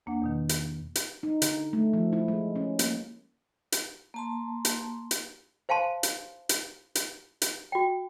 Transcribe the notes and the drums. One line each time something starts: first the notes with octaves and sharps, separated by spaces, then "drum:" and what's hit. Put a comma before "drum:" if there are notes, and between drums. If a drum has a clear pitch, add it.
E2 A#3 D4 F#5
E2 B2 D#3
drum: hi-hat
drum: hi-hat
D#4
D3, drum: hi-hat
A3
F3
E4
G#3
C#4
A#3, drum: hi-hat
drum: hi-hat
A#3 A5 C6
drum: hi-hat
drum: hi-hat
C5 F5 G#5 A5 C6
drum: hi-hat
drum: hi-hat
drum: hi-hat
drum: hi-hat
F#4 G5